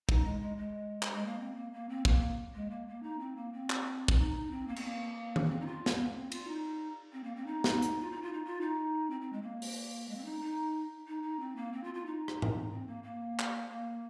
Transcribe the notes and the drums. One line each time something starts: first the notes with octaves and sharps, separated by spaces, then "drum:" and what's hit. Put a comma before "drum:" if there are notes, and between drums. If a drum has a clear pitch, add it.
D#4, drum: kick
G#3
G#3
G#3
drum: clap
G#3
A#3
C4
A#3
A#3
C4
A#3, drum: kick
G#3
A#3
A#3
D#4
C4
A#3
C4
drum: clap
drum: kick
D#4
D#4
C4
A#3
C4, drum: cymbal
A#3
drum: tom D#3
C4
D#4
F4
drum: snare
A#3
C4
F4, drum: cymbal
D#4
C4
A#3
C4
D#4
drum: snare
drum: hi-hat
F4
D#4
F4
D#4
F4
D#4
C4
C4
G#3
A#3
drum: open hi-hat
G#3
C4
D#4
D#4
D#4
D#4
C4
A#3
C4
F4
F4
D#4
drum: rim click
drum: tom G#2
C4
A#3
A#3
drum: clap
A#3